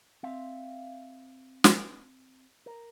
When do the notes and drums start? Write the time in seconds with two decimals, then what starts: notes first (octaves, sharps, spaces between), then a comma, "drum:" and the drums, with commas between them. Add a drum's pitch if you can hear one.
0.23 C4 E5 F5
1.64 drum: snare
2.66 A#4